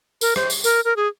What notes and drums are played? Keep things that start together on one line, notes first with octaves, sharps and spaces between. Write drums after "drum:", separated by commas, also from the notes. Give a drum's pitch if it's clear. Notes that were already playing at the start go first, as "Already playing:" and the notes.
A#4, drum: tambourine
C5, drum: rim click
drum: tambourine
A#4, drum: tambourine
A#4
G#4